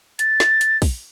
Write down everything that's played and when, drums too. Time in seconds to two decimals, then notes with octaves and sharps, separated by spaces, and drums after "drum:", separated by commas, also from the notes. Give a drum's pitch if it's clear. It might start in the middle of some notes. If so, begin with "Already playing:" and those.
0.19 A6, drum: hi-hat
0.40 drum: snare
0.61 drum: hi-hat
0.82 drum: kick, open hi-hat